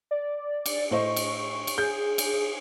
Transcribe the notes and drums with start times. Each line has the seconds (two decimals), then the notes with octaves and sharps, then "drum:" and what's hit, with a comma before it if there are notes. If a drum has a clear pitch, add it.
0.11 D5
0.66 drum: cymbal
0.91 A2 C5 D#5 C#6
1.16 drum: cymbal
1.67 drum: cymbal
1.78 G#4 G6
2.18 drum: cymbal